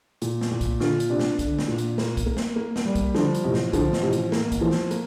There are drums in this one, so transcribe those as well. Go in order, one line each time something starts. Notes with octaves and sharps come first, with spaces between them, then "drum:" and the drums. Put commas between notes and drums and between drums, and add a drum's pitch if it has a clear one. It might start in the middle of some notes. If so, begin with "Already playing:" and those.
A#2, drum: hi-hat
drum: snare
A#2
drum: kick, hi-hat
D3 F4, drum: snare
drum: hi-hat
C3 D4
drum: snare
D3 D4, drum: kick, hi-hat
drum: snare
A#2
drum: hi-hat
A#3, drum: snare
drum: kick, hi-hat
A#3
drum: snare
A#3
drum: snare
G3
drum: kick, hi-hat
D3 F3, drum: snare
drum: hi-hat
A1 C3
drum: snare
D3 F3, drum: kick, hi-hat
drum: snare
A1 C3
drum: hi-hat
A#3, drum: snare
drum: kick, hi-hat
E3 F3
drum: snare
A#3, drum: hi-hat